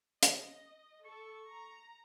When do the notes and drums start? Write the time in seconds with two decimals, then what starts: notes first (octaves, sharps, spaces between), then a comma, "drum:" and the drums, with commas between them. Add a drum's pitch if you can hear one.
0.23 D#5, drum: hi-hat
1.05 A4 C#6
1.48 A#5